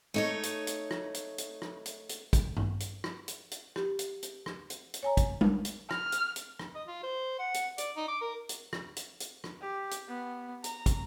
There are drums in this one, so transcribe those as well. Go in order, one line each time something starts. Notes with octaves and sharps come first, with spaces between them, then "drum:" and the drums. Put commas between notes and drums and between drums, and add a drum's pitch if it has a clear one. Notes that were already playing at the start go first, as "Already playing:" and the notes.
A3 D#4 C#5
drum: hi-hat
drum: hi-hat
drum: rim click
drum: hi-hat
drum: hi-hat
drum: rim click
drum: hi-hat
drum: hi-hat
drum: kick, hi-hat
drum: tom G2
drum: hi-hat
drum: rim click
drum: hi-hat
drum: hi-hat
G4, drum: rim click
drum: hi-hat
drum: hi-hat
drum: rim click
drum: hi-hat
drum: hi-hat
C#5 G#5 A#5
drum: kick, hi-hat
drum: tom G3
drum: hi-hat
F6, drum: rim click
drum: hi-hat
drum: hi-hat
drum: rim click
D#5
F4
C5
F#5
drum: hi-hat
D5, drum: hi-hat
D#4
D6
A#4
drum: hi-hat
drum: rim click
drum: hi-hat
drum: hi-hat
drum: rim click
G4
drum: hi-hat
B3
A#5, drum: hi-hat
drum: kick, hi-hat